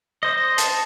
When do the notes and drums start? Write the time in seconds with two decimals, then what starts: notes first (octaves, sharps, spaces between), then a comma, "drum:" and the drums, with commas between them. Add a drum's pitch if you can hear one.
0.23 C5 D#5
0.58 A5, drum: hi-hat